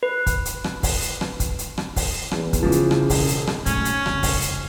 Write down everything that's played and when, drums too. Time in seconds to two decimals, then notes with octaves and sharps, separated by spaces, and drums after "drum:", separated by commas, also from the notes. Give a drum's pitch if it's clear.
0.03 B4
0.27 drum: kick, hi-hat
0.45 drum: hi-hat
0.64 drum: rim click
0.83 drum: kick, open hi-hat
1.02 drum: hi-hat
1.21 drum: rim click
1.40 drum: kick, hi-hat
1.59 drum: hi-hat
1.78 drum: rim click
1.96 drum: kick, open hi-hat
2.31 E2, drum: rim click
2.53 drum: kick, hi-hat
2.63 C#3 E3 F3
2.72 drum: hi-hat
2.91 drum: rim click
3.10 E1, drum: kick, open hi-hat
3.29 drum: hi-hat
3.47 drum: rim click
3.66 B1 G#2 A3 C#4, drum: kick, hi-hat
3.85 drum: hi-hat
4.06 F1 C#2, drum: rim click
4.23 drum: kick, open hi-hat
4.42 drum: hi-hat